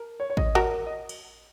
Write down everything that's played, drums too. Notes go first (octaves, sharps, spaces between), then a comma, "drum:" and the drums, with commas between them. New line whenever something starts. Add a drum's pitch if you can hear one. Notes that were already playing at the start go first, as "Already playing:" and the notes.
Already playing: A#4
C#5
C#5
D#5, drum: kick A1
F#4 A#4
D#5
drum: cymbal